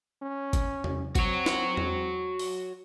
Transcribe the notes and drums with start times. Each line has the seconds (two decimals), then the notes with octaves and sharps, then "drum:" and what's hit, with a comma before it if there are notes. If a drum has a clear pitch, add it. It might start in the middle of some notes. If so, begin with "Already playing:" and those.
0.22 C#4
0.53 drum: kick G1, hi-hat
0.84 drum: tom E2
1.15 C4 F#4 C#5, drum: kick G1, hi-hat
1.46 drum: snare
1.77 drum: tom E2
2.39 drum: open hi-hat